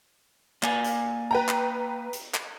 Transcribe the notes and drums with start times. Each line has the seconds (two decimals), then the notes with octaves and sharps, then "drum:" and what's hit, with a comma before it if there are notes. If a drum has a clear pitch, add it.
0.63 A#3 D5 G#5, drum: clap
0.84 drum: hi-hat
1.31 B4 G5 A#5
1.49 drum: clap
2.13 drum: hi-hat
2.34 drum: clap